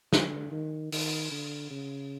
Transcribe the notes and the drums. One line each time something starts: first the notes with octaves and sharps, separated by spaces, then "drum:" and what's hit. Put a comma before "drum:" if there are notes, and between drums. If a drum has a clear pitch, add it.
D3, drum: snare
D#3
D#3, drum: open hi-hat
D3
C#3